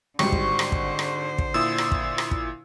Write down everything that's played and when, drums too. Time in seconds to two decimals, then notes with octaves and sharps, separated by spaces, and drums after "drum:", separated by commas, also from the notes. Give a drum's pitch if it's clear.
0.19 G#1 G#2 D3 G3 C5 C#6, drum: rim click
0.32 drum: kick
0.59 drum: rim click
0.72 drum: kick
0.99 drum: rim click
1.38 drum: kick
1.54 A#2 E4 D#6 E6
1.78 drum: rim click
1.92 drum: kick
2.18 drum: rim click
2.31 drum: kick